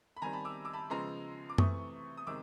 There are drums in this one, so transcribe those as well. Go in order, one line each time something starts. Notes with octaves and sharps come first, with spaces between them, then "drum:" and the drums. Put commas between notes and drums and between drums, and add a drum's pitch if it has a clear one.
B5
D#3 G3 C4 G#5 A#5
A5 B5
D6 E6
D6 E6
A5 B5
C#3 F3 G#3 B3 A#5 C6
D6
C3 E3 A3 C#6 D#6, drum: tom
D#6
C3 D#3 G#3 D6 E6